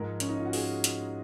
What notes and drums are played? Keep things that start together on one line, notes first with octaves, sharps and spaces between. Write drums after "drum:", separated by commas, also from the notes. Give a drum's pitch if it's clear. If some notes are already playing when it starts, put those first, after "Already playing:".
Already playing: G#2 F3 G#3 A#4
C#4, drum: hi-hat
D#4
F4
F#4
G#4, drum: open hi-hat
drum: hi-hat